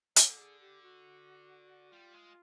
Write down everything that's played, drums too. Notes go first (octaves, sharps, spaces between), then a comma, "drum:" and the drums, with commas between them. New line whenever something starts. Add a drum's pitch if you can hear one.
D3 C#5, drum: hi-hat
A4
G#4
G4
F#4
G3 F4
G#3